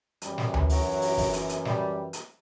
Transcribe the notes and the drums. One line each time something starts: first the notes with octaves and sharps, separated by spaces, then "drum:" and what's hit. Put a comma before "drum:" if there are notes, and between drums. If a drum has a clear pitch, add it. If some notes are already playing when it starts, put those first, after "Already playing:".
F#2 E3 G3, drum: hi-hat
drum: snare
drum: tom D2
F#3, drum: open hi-hat
drum: open hi-hat
drum: kick, open hi-hat
drum: hi-hat
drum: hi-hat
G3, drum: snare
drum: hi-hat